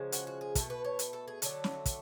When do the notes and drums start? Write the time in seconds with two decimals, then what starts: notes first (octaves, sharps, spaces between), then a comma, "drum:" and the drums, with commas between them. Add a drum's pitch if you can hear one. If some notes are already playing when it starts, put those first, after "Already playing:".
Already playing: C#3 F3 G#3
0.12 F#4, drum: hi-hat
0.27 F#4
0.41 G#4
0.55 B2 A3 A4, drum: kick, hi-hat
0.70 B4
0.85 C#5
0.99 drum: hi-hat
1.13 A4
1.28 G#4
1.42 D3 F#3 A3 A4, drum: hi-hat
1.64 drum: snare
1.86 drum: kick, hi-hat